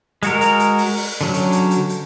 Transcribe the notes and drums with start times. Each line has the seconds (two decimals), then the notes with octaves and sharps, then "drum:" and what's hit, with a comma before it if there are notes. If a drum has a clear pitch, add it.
0.23 G#3 F#4 A#4, drum: hi-hat
0.41 drum: hi-hat
0.60 drum: hi-hat
0.78 drum: open hi-hat
0.97 drum: open hi-hat
1.21 D3 F#3 C#4
1.34 drum: hi-hat
1.52 drum: hi-hat
1.71 drum: hi-hat
1.89 drum: hi-hat